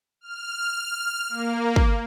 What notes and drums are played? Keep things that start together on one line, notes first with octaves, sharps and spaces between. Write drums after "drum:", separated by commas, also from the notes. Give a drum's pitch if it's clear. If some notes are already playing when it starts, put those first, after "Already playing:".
F6
A#3
drum: kick